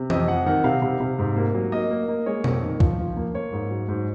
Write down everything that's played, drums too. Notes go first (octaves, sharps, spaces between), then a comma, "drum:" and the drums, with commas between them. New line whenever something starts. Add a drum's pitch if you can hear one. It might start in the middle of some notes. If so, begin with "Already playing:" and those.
Already playing: C3
F2 D#5, drum: tom E3
F2 F#5
D#3 F#5
C3 F5
C3
C3
G#2
A#3
F#3
A#3 D#5
A#3
A#3
G#3 C#5
F2, drum: tom B2
D#3
F3, drum: kick C#2
F3
A#3
A#3 C#5
G#2
F#3
G#2